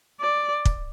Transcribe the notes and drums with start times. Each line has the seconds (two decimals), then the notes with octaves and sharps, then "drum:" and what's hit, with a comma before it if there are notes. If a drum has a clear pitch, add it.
0.20 D5
0.65 drum: kick